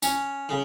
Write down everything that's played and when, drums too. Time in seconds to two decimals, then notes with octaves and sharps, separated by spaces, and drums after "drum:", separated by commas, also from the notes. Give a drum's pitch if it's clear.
0.02 C#4, drum: tambourine
0.49 C#3